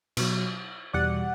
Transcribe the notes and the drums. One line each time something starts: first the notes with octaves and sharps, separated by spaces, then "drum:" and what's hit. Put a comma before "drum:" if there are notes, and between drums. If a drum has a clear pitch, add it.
B2 F#3, drum: cymbal
E2 B2 G3 D5 F#5